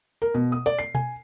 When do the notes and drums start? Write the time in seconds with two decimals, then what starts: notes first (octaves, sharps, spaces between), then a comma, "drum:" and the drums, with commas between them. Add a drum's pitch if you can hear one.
0.22 A#4
0.34 B2
0.52 D#6
0.66 D5, drum: hi-hat
0.79 C7
0.95 G#5, drum: tom B2